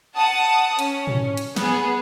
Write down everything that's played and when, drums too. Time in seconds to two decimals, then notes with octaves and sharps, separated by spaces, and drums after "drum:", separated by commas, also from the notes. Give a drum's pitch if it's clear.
0.16 F#5 A5 D#6
0.79 C#4, drum: hi-hat
1.07 drum: tom
1.37 drum: hi-hat
1.56 B3 G#4, drum: snare